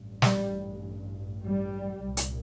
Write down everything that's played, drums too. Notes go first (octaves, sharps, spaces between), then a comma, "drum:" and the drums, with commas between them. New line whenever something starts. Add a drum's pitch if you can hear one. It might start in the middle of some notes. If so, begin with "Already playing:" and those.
Already playing: A1 G2
G3, drum: snare
G3
C2 A#2
drum: hi-hat